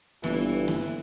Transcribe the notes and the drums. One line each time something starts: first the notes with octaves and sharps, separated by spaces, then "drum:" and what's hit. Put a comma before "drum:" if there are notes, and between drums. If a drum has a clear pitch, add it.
G1 E3 B3, drum: snare A#3
drum: hi-hat
drum: snare A#3